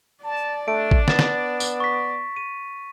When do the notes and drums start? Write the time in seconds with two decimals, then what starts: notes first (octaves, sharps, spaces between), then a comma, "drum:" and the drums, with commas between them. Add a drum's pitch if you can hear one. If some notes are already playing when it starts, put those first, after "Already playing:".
0.24 D5 A5
0.68 A3 D4 D7
0.91 drum: kick
1.08 B3 A6 E7, drum: snare
1.19 drum: snare
1.60 drum: tambourine
1.80 C#6 B6
2.36 D#7